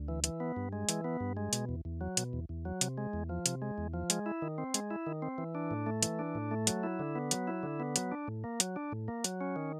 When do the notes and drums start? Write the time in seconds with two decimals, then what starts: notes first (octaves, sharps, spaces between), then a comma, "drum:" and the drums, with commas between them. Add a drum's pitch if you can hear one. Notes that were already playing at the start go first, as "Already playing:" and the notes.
Already playing: D2
0.08 E3
0.24 E3, drum: hi-hat
0.40 B3
0.56 G2
0.73 G#3
0.89 E3, drum: hi-hat
1.04 B3
1.20 G2
1.37 G#3
1.53 B2, drum: hi-hat
1.69 E2
1.85 E2
2.01 F#3
2.17 B2, drum: hi-hat
2.33 E2
2.49 E2
2.65 F#3
2.81 C3, drum: hi-hat
2.98 G#3
3.13 E2
3.29 F3
3.46 C3, drum: hi-hat
3.62 G#3
3.78 E2
3.94 F3
4.10 G#3, drum: hi-hat
4.26 E4
4.42 D#3
4.58 C4
4.74 G#3, drum: hi-hat
4.91 E4
5.07 D#3
5.22 C4
5.38 E3
5.55 D4
5.71 A2
5.86 A3
6.03 E3, drum: hi-hat
6.19 D4
6.35 A2
6.51 A3
6.67 F#3, drum: hi-hat
6.83 E4
6.99 D3
7.15 B3
7.31 F#3, drum: hi-hat
7.47 E4
7.63 D3
7.80 B3
7.96 F#3, drum: hi-hat
8.12 D4
8.28 A2
8.44 A#3
8.60 F#3, drum: hi-hat
8.76 D4
8.92 A2
9.08 A#3
9.24 F#3, drum: hi-hat
9.41 C#4
9.56 D#3